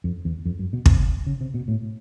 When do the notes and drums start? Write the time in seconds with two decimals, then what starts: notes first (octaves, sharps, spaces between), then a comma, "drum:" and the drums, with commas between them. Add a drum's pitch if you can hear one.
0.04 F2
0.25 E2
0.45 F2
0.59 F#2
0.73 B2
0.86 C3, drum: kick
1.26 C#3
1.41 C3
1.54 B2
1.68 A2